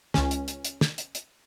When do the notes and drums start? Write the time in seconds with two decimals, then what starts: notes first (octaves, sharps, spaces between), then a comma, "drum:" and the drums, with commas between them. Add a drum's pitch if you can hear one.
0.14 C#2 C#4, drum: snare
0.31 drum: hi-hat
0.48 drum: hi-hat
0.65 drum: hi-hat
0.81 drum: snare
0.98 drum: hi-hat
1.15 drum: hi-hat